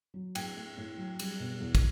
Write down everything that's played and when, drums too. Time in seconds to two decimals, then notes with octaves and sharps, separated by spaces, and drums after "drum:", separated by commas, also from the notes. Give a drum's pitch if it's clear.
0.14 F#3
0.35 A2 G5, drum: cymbal
0.56 A3
0.77 A2
0.97 F#3
1.19 G3, drum: cymbal
1.40 B2
1.61 E2
1.75 drum: kick, cymbal